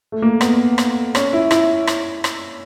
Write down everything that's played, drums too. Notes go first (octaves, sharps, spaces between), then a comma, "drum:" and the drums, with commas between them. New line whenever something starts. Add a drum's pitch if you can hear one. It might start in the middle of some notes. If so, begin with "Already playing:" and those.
A3
A#3
B3, drum: rim click
drum: rim click
C#4, drum: rim click
E4
E4, drum: rim click
drum: rim click
drum: rim click